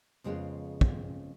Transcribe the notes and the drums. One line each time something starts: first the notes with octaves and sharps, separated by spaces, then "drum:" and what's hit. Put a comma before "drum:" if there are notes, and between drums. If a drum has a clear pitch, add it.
F2 C#3 G#3 B3 F4
drum: kick